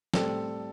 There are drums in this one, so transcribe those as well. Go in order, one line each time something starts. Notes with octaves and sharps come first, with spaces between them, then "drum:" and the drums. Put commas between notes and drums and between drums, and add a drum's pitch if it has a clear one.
A2 G3 C4 A4, drum: snare